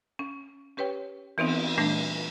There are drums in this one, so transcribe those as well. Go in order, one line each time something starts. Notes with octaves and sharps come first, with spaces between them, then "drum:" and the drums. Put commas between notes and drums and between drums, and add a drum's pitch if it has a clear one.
C#4
C#4 G4 B4 C#5 G5
E3 B3 C4 D#4, drum: cymbal
A#2 E3 G3 A3 D4